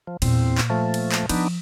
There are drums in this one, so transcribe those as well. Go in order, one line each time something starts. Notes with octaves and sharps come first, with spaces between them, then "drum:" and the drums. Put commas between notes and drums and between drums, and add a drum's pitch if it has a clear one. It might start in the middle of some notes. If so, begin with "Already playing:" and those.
F3
E2 A#2 C4, drum: cymbal
drum: clap
F3 A3
drum: cymbal
drum: clap
F3 B3 D4 D#4, drum: cymbal